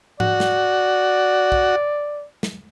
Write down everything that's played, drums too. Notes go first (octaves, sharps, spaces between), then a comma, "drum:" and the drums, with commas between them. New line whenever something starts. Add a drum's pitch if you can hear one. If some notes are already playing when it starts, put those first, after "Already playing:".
F#4 D5, drum: tom G#2
drum: snare
drum: kick B1
drum: snare